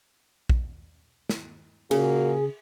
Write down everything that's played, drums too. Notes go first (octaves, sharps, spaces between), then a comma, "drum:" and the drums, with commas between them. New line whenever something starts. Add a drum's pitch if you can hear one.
drum: kick
drum: snare
A#2 C#3 A#3 F#4 G#4, drum: cymbal